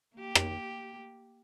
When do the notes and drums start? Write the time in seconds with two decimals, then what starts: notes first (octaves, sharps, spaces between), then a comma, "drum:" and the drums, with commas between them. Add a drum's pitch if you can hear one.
0.15 A#3 G4
0.35 drum: rim click